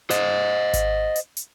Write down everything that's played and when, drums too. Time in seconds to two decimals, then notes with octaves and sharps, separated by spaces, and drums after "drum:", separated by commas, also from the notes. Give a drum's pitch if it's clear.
0.10 C5 D#5, drum: hi-hat
0.74 drum: kick G#1, hi-hat
1.16 drum: hi-hat
1.37 drum: hi-hat